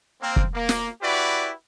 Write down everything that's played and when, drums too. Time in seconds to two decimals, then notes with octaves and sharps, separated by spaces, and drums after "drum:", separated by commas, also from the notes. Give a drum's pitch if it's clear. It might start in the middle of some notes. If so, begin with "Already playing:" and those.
0.21 A#3 C4
0.36 drum: kick
0.54 A#3
0.69 drum: snare
1.01 E4 F#4 G4 B4 D5